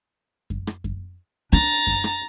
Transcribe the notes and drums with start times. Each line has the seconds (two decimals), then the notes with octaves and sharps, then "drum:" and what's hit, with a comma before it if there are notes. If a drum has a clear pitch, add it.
0.50 drum: kick F#2
0.67 drum: rim click
0.84 drum: kick F#2
1.53 D4 A#5 A6
1.87 drum: kick F#2
2.04 drum: rim click